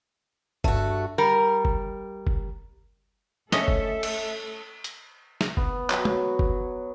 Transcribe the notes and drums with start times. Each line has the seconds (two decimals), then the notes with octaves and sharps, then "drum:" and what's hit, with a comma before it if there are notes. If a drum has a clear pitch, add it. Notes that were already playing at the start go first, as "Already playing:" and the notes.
0.64 G2 A3 F#4, drum: kick F#1
1.18 G3 A#4
1.65 drum: kick F#1
2.27 drum: kick F#1
3.52 A3 C#4 A4 C#5 D#5 E5, drum: snare
3.68 drum: kick F#1
4.03 drum: cymbal
4.84 drum: hi-hat
5.41 drum: snare
5.57 B3, drum: kick F#1
5.90 F#3, drum: clap
6.05 drum: tom
6.39 drum: kick F#1